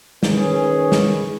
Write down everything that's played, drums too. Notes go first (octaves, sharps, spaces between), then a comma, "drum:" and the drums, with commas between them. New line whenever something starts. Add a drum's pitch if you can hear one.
D#3 C#4 G#4 B4, drum: snare
drum: snare